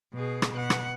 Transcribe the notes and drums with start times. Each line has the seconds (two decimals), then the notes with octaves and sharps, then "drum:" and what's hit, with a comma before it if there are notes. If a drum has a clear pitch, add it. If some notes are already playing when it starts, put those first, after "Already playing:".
0.14 B2 G#4
0.42 drum: rim click
0.53 B2 F#5
0.70 drum: rim click